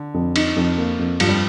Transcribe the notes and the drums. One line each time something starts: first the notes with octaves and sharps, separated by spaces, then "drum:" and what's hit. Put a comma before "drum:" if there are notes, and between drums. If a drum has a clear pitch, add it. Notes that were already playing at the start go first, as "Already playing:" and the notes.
Already playing: D3
F2
D#4, drum: cymbal
F2
A#3
F2
G2 F3, drum: cymbal
G3